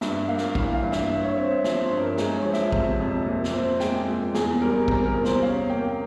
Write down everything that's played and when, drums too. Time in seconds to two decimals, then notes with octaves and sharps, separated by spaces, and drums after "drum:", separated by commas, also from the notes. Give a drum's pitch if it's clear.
0.01 G2 E5, drum: snare
0.28 A#3 F5
0.38 drum: snare
0.55 E3 F5, drum: kick
0.74 F5
0.83 G2
0.92 E5, drum: snare
1.09 G2 E5
1.23 C#5
1.36 C4 C#5
1.50 E5
1.64 F3, drum: snare
1.81 C5
1.91 G2
2.00 A#4
2.17 G#3, drum: snare
2.36 C#5
2.45 F3
2.53 E5, drum: snare
2.72 C3, drum: kick
2.99 F2
3.26 A#2
3.44 drum: snare
3.53 C4
3.80 G#3 G5, drum: snare
4.08 A#2
4.34 E2 G#4, drum: snare
4.61 G3 A#4
4.88 C3 A#4, drum: kick
5.06 A#4
5.15 E2
5.25 C5, drum: snare
5.42 C#4 F5
5.69 A#3 G5